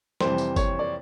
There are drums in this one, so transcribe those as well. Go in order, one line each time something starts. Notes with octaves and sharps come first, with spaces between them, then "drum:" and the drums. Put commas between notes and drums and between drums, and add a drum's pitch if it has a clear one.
F2 C3 E3 G3 C5, drum: snare
drum: tambourine
C#5, drum: kick G1, tambourine
D5